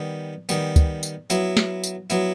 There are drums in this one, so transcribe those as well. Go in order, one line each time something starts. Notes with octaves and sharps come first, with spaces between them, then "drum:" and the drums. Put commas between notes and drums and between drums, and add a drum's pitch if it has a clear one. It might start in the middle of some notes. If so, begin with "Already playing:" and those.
Already playing: D#3 G3 B3
D#3 G3 B3, drum: tambourine
drum: kick, tambourine
drum: tambourine
F#3 B3 E4, drum: tambourine
drum: snare
drum: tambourine
F#3 B3 E4, drum: tambourine